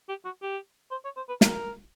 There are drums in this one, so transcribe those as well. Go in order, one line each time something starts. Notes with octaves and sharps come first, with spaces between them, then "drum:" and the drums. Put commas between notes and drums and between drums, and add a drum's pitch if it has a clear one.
G4
F#4
G4
C5
C#5
C5
B4
A#4, drum: snare